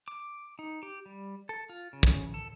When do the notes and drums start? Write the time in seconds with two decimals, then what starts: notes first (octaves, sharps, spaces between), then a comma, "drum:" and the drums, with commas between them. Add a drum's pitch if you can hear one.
0.08 D6
0.59 D#4
0.83 G4
1.06 G3
1.49 A4
1.69 F4
1.93 C#3
2.03 drum: kick
2.34 A4